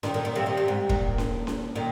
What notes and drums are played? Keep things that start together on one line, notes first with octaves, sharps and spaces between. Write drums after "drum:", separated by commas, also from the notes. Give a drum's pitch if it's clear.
A#2 D#3, drum: snare C#4
A#2 D#3
A#2 D#3
C3 F3
A#2 D#3
C3
G#2
A#2 D#3, drum: kick
drum: snare C#4
drum: snare C#4
A#2 D#3